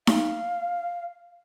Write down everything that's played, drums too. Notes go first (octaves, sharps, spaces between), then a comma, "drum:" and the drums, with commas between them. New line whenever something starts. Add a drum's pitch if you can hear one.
F5, drum: snare D#4